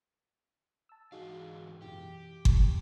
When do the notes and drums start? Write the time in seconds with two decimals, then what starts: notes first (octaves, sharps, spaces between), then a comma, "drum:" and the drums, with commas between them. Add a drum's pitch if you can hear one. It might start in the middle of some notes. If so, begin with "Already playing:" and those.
0.89 A5 E6
1.12 G#2 E3 D#4 F#4 G#4 F5
1.82 F#2 B2 E3 G4
2.45 drum: kick G1